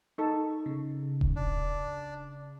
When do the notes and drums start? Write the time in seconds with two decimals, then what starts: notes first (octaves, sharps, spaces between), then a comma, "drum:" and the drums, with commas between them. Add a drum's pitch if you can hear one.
0.18 D#4 A4 C#6
0.66 C#3
1.21 drum: kick D#1
1.36 D4